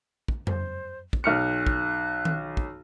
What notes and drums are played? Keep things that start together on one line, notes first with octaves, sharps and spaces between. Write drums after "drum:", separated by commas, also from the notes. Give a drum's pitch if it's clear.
drum: kick
C5, drum: tom F2
drum: kick
B1 F6 F#6 C#7
drum: kick
drum: tom D#3
drum: kick